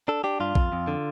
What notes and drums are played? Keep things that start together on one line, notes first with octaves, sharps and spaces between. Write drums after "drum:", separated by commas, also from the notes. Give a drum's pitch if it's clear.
D4 A4
D4 G4
G2 F4
F2, drum: kick A#1
F2
D3